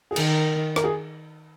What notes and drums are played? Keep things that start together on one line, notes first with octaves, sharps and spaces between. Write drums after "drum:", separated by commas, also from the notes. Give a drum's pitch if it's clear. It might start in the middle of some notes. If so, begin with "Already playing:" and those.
G#4
D#3 A#4, drum: cymbal
A#4, drum: rim click
G#4